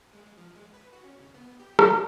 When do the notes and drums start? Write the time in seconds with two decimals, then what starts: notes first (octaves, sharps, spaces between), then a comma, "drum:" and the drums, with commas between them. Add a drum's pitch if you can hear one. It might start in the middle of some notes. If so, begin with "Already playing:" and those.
0.13 G#3
0.38 F3
0.56 G#3
0.74 B4
0.93 F#4
1.04 C#4
1.21 C#3
1.34 B3
1.60 G4
1.79 A3, drum: rim click